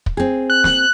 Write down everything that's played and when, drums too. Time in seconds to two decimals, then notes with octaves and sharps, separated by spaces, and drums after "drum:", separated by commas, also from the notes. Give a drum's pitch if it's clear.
0.06 drum: kick
0.17 C4 G#4
0.50 F#6
0.64 drum: snare